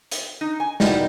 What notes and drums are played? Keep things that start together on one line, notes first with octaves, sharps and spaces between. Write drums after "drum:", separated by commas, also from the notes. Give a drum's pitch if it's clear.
drum: hi-hat
D#4
G#5
B2 D#3 G3 D#4 E4, drum: snare